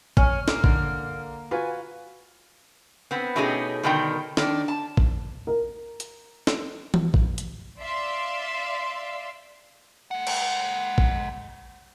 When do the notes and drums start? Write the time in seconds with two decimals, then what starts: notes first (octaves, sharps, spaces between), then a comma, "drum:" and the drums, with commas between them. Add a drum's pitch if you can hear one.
0.17 C#4 F6, drum: kick A1
0.48 A#3, drum: snare
0.64 D3, drum: kick A1
1.51 F4 F#4 B4 G#5
3.11 B3 C4
3.36 B2 A3 C#4 D#4 G4 G#4
3.83 B2 D3 D#3 G3 A#4 G5
4.37 D#3 D4, drum: snare
4.68 A5
4.97 drum: kick A1
5.47 A#4
6.00 drum: hi-hat
6.47 drum: snare
6.94 drum: tom E3
7.14 drum: kick A1
7.38 drum: hi-hat
7.80 D5 E5 F5 C6
10.11 G#3 F#5
10.27 drum: cymbal
10.98 drum: kick A1